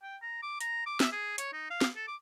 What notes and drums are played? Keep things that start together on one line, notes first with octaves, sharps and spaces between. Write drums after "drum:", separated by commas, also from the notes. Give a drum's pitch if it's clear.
G5
A#5
D6
A#5, drum: hi-hat
D6
E5, drum: snare
G#4
C#5, drum: hi-hat
D#4
F5
drum: snare
A4
D6